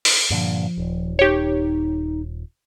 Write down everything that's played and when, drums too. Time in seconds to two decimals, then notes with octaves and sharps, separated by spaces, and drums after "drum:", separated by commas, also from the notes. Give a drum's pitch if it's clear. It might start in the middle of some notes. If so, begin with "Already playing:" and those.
0.05 drum: open hi-hat
0.30 G2 A#2 D3 F3
0.78 D#1
1.19 D#4 G4 C#5